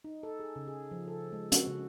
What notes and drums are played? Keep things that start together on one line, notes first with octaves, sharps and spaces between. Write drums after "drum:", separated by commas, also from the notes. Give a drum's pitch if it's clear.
D#4
A4
G#4
C#3
G#4
F3
A4
G#3
F#4, drum: hi-hat
C#3